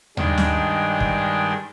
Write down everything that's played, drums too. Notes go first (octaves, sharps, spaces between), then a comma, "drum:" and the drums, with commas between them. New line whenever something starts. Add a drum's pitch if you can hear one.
G2 D#3 G#3 D4, drum: tom D#2
drum: snare
drum: kick